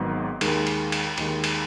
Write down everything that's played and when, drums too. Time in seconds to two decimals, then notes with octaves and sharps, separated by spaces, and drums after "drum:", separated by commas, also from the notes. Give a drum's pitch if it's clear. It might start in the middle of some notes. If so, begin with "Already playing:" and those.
Already playing: G#1 G#2 D#3 F#3 B3
0.41 D#2 D#3 G#3, drum: cymbal
0.67 drum: cymbal
0.92 drum: cymbal
1.18 D#2 D#3 G#3, drum: cymbal
1.44 drum: cymbal